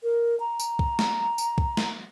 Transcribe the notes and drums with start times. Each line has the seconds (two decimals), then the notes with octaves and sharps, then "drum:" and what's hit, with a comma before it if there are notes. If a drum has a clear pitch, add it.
0.03 A#4
0.40 A#5
0.60 drum: tambourine
0.79 drum: kick
0.99 drum: snare
1.38 drum: tambourine
1.58 drum: kick
1.77 drum: snare